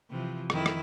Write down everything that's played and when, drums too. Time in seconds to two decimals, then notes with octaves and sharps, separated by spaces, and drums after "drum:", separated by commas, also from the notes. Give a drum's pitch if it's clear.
0.10 C3 E3 F3
0.50 F2 D#3 E4, drum: rim click
0.66 drum: rim click